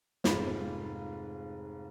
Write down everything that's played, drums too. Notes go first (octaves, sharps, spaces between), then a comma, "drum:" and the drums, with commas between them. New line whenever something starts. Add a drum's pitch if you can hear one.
F1 G#2 F4 B5, drum: snare